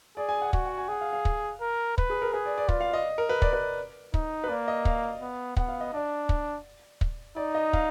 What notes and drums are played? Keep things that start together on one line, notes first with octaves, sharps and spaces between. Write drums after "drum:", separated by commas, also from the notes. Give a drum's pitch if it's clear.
G#4 D5
G#5
F#5
F#4 G#5, drum: kick
F#5
G#5
G#4 F#5
F5
F5
drum: kick
A#4
B4, drum: kick
G#4
A#4
G#4 B4
D5
D5
F4 D5, drum: kick
F5
D#5
A#4
B4
D5, drum: kick
B4
D#4, drum: kick
B4
A#3 D5
D#5
F5, drum: kick
B3
B3 F#5, drum: kick
F5
D#5
D4 D5
drum: kick
drum: kick
D#4 D5
D#5
F5, drum: kick